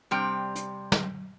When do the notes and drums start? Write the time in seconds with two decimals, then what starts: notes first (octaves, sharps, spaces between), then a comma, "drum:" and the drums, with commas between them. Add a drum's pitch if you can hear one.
0.11 C3 G3 C4 G5
0.55 drum: hi-hat
0.92 drum: snare